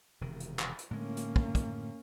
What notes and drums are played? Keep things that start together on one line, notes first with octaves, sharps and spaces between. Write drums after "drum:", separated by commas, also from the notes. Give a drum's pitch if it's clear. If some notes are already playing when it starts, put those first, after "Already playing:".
E1 C3 D#3
drum: hi-hat
drum: clap
drum: hi-hat
A2 D3 G#3 A#3 C#4
drum: hi-hat
drum: kick
drum: kick, hi-hat